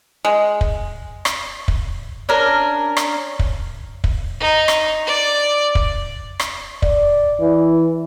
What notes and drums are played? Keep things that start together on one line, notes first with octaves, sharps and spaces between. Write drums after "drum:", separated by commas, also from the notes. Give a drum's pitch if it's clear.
G#3
drum: kick
drum: rim click
drum: kick
C#4 D4 A#4
drum: rim click
drum: kick
drum: kick
D#4
drum: rim click
D5
drum: kick
drum: rim click
D5, drum: kick
E3